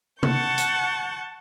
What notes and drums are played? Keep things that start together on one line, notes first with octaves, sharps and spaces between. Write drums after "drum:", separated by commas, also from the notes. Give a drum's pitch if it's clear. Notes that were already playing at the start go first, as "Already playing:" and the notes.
F#5 A5 C#6 G6, drum: tom C3
drum: hi-hat